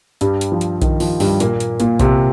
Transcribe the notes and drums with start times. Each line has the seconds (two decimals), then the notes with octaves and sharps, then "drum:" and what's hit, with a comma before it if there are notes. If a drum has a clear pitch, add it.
0.21 G2 G3, drum: hi-hat
0.41 drum: hi-hat
0.52 F3
0.61 drum: hi-hat
0.82 D#3, drum: kick B1, hi-hat
1.00 F3, drum: open hi-hat
1.20 G2 G3, drum: open hi-hat
1.40 A#2 A#3, drum: hi-hat
1.60 drum: hi-hat
1.80 A#2 A#3, drum: hi-hat
1.99 C3 C4, drum: kick B1, hi-hat